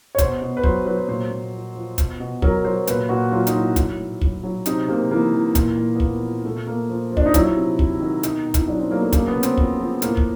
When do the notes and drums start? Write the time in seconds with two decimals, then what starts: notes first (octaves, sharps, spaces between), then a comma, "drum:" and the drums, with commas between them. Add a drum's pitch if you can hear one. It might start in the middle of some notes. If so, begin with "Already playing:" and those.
0.15 C#5
0.18 B2 C5, drum: kick, hi-hat
0.42 B2
0.57 B4
0.63 F#3 C5, drum: kick
0.86 F#3 B4
0.97 C5
1.08 A#2 C5
1.31 A#2
1.53 F3
1.75 F3
1.98 B2, drum: kick, hi-hat
2.20 B2
2.42 F#3 A#4, drum: kick
2.64 F#3 C5
2.87 A#2 B4, drum: hi-hat
3.09 A#2 F#4
3.32 F#3 F4
3.47 D#4, drum: hi-hat
3.54 F#3 E4
3.72 F4
3.76 A2 E4, drum: kick, hi-hat
3.99 A2
4.21 F#3, drum: kick
4.44 F#3
4.66 C3 D#4, drum: hi-hat
4.88 C3 A#3
5.11 E3 A#3
5.33 E3
5.55 A#2, drum: kick, hi-hat
5.77 A#2
5.95 B3
6.00 F3 A#3, drum: kick
6.22 F3
6.44 A#2 A3
6.66 A#2 A#3
6.89 F3
7.12 F3
7.17 D4, drum: kick
7.26 D#4
7.34 F#3 E4, drum: kick, hi-hat
7.56 C3
7.79 C3, drum: kick
8.01 D#3
8.23 B2 D#4, drum: hi-hat
8.46 B2
8.54 E4, drum: kick, hi-hat
8.61 D#4
8.68 F#3 D4
8.80 C4
8.91 F#3 A#3
9.02 A3
9.12 C#3 A#3, drum: kick, hi-hat
9.28 B3
9.35 C#3
9.43 C4, drum: hi-hat
9.57 F3, drum: kick
9.80 F3
10.02 A2 A#3, drum: hi-hat
10.17 drum: kick